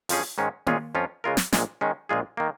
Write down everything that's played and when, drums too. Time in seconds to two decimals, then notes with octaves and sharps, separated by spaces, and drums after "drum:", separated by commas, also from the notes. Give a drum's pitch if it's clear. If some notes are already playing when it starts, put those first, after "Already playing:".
0.09 F2 F3 C#4 G#4, drum: open hi-hat
0.38 G#2 D#3 G#3 C#4
0.67 A#2 G#3 C#4 F4 G#4, drum: tom A#3
0.95 F2 F3 C#4 F4
1.24 C#3 G#3 F4 A#4
1.37 drum: snare
1.53 A#1 A#2 G#3, drum: snare
1.81 D#3 G#3 C#4
2.09 A#1 A#2 G#3 F4 G#4
2.37 D#3 A#3